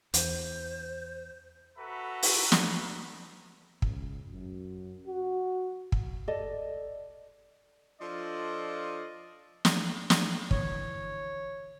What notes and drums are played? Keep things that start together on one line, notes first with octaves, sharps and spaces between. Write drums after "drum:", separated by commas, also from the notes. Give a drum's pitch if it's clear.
E2 C5, drum: hi-hat
F#4 A4 B4 E5 A#5 B5
drum: open hi-hat
drum: snare
C#2, drum: kick
F#2
F#4
drum: kick
A4 D5 D#5
F3 D4 F4 A4 D5 D#5
drum: snare
drum: snare
D3 E3 C#5, drum: kick